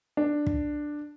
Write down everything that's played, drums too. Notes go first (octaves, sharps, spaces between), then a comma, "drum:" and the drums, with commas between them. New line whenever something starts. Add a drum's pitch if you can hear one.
D4
drum: kick